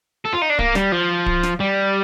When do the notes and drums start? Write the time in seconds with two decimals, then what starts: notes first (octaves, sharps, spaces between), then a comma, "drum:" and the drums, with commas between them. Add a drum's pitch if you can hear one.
0.25 A4
0.33 F4
0.42 D#4
0.50 D4
0.59 A#3, drum: kick D1
0.75 G3, drum: snare
0.92 F3
1.26 drum: kick D1
1.43 drum: snare
1.61 G3